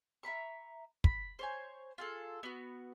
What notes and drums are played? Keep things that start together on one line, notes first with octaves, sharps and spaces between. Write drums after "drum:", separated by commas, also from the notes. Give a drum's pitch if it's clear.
E5 A#5 B5 C#6
B5, drum: kick
C5 C#5 G#5
F4 G#4 A4
B3 F#4